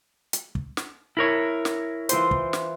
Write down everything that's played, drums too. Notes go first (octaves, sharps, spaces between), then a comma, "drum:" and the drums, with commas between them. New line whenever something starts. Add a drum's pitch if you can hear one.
drum: hi-hat
drum: kick
drum: snare
E4 A#4 C#5
drum: snare
E3 F4 C5, drum: hi-hat
drum: kick
drum: snare